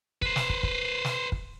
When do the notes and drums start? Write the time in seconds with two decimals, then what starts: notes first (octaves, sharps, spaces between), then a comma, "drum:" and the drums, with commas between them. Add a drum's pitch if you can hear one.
0.22 B4 C5, drum: kick
0.36 drum: snare
0.49 drum: kick
0.63 drum: kick
1.04 drum: snare
1.32 drum: kick